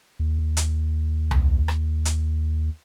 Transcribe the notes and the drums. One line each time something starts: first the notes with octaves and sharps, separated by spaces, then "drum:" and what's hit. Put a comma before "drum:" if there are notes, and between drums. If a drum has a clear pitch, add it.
D#2
D#2
drum: hi-hat
drum: tom C2
drum: rim click
drum: hi-hat